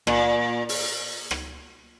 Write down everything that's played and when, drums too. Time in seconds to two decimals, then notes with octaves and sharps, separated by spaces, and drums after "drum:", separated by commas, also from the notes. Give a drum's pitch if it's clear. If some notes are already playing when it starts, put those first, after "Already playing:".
0.07 A#2, drum: rim click
0.69 drum: open hi-hat
1.31 drum: rim click